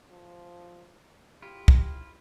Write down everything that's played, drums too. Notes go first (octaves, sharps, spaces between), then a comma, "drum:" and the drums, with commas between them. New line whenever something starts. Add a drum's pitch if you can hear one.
F3
E4 F4 G4
drum: kick